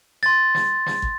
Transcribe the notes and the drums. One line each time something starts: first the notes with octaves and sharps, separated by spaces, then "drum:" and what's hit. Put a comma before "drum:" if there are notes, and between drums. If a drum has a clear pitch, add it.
C6 A6
drum: snare
drum: snare
drum: kick